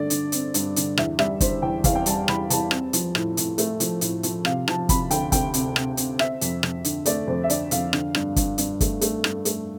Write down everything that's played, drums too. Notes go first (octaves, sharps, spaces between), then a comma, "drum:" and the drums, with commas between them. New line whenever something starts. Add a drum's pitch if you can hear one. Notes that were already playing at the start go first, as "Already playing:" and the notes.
Already playing: G2 D3 A3 D5
D3, drum: hi-hat
C4, drum: hi-hat
G2, drum: hi-hat
D3, drum: hi-hat
E2 E5, drum: rim click
G3 E5, drum: rim click
D3 C5, drum: kick, hi-hat
E2 G5
E2 F5, drum: kick, hi-hat
G5
G3 A5, drum: hi-hat
E2 B5, drum: rim click
E2 A5, drum: hi-hat
C4, drum: rim click
F3, drum: hi-hat
A2, drum: rim click
A2, drum: hi-hat
A3, drum: hi-hat
F3, drum: hi-hat
A2, drum: hi-hat
F3, drum: hi-hat
C3 F5, drum: rim click
F3 A5, drum: rim click
C3 B5, drum: kick, hi-hat
D2 G5, drum: hi-hat
D2 G5, drum: kick, hi-hat
C3, drum: hi-hat
C3, drum: rim click
C4, drum: hi-hat
C4 E5, drum: rim click
F2, drum: hi-hat
F2, drum: rim click
D3, drum: hi-hat
A3 D5, drum: hi-hat
F2 C5
E5
D3 D5, drum: hi-hat
F2 F5, drum: hi-hat
D3, drum: rim click
G2, drum: rim click
G2, drum: kick, hi-hat
G2, drum: hi-hat
A3, drum: kick, hi-hat
A3, drum: hi-hat
G2, drum: rim click
A3, drum: hi-hat